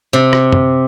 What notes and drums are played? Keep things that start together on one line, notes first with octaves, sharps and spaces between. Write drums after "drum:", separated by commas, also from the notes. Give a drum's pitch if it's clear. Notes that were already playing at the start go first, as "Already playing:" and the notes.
C3
drum: rim click
drum: tom